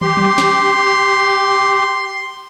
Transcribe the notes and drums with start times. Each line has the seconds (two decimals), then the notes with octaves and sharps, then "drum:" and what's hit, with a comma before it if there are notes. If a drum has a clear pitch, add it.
0.01 G4 C6, drum: tom
0.17 drum: tom F#3
0.38 drum: snare